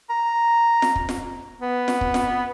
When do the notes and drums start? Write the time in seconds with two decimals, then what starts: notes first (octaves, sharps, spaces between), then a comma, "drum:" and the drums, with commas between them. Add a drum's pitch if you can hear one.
0.10 A#5
0.82 drum: snare F4
0.96 drum: kick
1.09 drum: snare F4
1.61 B3
1.88 drum: snare F4
2.01 drum: kick
2.14 drum: snare F4